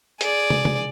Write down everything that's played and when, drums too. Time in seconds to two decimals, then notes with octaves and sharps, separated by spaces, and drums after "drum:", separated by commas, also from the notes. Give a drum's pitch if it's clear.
0.21 G#4 D5, drum: hi-hat
0.50 drum: tom
0.65 drum: tom